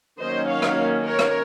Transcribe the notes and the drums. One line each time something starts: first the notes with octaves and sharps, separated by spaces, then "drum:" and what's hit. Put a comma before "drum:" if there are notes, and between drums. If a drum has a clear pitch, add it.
D#3 F#3 A#3 C#4 C5 D#5
C#5 F5
drum: rim click
A#4 C#5
drum: rim click